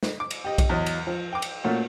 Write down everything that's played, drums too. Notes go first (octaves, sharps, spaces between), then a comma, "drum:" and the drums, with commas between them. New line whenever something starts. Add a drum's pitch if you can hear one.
drum: snare
D6
drum: cymbal
G4 D#5
drum: kick B1, cymbal
E2 F#3 D#5
drum: cymbal
F3
G5 D6
drum: cymbal
A#2 A3 C#4 F#4